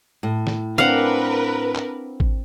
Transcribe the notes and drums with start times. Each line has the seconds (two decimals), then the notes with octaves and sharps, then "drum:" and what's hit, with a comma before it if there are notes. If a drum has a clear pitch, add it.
0.23 A2
0.47 drum: snare
0.78 C4 D4 A#4 B4 F5 F#5, drum: snare
1.75 drum: clap
2.20 drum: kick G#1